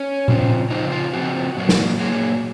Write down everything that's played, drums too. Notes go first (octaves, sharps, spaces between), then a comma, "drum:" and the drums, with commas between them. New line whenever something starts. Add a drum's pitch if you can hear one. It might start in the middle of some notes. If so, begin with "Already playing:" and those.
Already playing: C#4
C#3 F3 C4, drum: tom A#2
C#3 F3 C4 D#4
F4
C#3 F3 C4 F#4
A#2 F#3 A#3
drum: snare
A#2 F#3 A#3 G#4